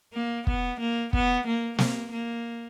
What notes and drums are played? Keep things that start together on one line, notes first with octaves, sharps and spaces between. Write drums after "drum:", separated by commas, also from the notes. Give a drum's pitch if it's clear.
A#3
B3, drum: kick
A#3
B3, drum: kick
A#3
A#3, drum: snare
A#3